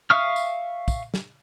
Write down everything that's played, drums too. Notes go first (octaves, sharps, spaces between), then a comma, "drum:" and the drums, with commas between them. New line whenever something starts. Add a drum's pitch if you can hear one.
E5 F5 C#6 D#6 F6
drum: tambourine
drum: kick, tambourine
drum: snare